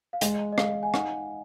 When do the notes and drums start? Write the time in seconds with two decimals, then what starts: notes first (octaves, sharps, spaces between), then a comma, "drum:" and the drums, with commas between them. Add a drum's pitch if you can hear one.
0.13 F5
0.21 G#3 D#5, drum: hi-hat
0.52 D#5
0.58 G#3 F5, drum: rim click
0.83 G#5
0.94 D#4 F#5, drum: rim click